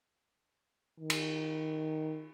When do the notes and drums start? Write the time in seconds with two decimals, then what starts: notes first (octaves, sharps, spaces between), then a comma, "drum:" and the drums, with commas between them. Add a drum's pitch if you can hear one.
1.00 D#3
1.10 drum: cymbal